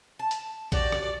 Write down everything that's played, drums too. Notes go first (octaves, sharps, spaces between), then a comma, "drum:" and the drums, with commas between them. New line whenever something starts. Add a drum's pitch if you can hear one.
A5
drum: hi-hat
F#4 G4 D5, drum: kick A#1, hi-hat
drum: rim click